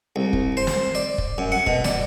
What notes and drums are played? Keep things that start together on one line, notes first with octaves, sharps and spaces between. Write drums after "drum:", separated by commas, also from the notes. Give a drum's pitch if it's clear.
C2
drum: kick
C5
drum: snare
D5
drum: kick
F#2
F#5
B2, drum: kick
D5, drum: snare